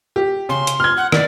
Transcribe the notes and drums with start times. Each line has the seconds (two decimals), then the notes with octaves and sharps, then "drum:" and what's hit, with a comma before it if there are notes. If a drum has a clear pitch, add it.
0.16 G4
0.49 C#3 C6
0.67 drum: hi-hat
0.80 F6 G#6
0.96 F#5
1.12 D5, drum: rim click